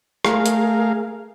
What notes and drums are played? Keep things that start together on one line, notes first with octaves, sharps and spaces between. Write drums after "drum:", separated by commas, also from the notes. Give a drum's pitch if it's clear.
A3 G#4 A#4 F5, drum: rim click
drum: hi-hat